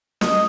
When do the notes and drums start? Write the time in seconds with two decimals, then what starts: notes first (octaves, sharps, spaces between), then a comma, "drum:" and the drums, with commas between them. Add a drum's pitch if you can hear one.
0.21 D#5, drum: snare